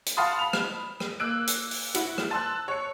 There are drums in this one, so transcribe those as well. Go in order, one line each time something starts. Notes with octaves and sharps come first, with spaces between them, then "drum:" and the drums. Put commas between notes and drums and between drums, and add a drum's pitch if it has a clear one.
drum: hi-hat
F5 F#5 A5 B5 C6 D#6
B5 F7
drum: rim click
drum: rim click
A#3 E6 F#6 D7
drum: hi-hat
drum: open hi-hat
E4 F#4, drum: hi-hat
drum: rim click
A5 C6 E6 F#6
C#5 C#7